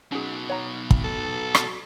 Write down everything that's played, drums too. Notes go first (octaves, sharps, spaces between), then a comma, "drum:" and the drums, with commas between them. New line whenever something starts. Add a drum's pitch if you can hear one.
B2 F#3 C#4 D#4 G#4
C#5 F#5 A#5
drum: kick
A4
F#4, drum: rim click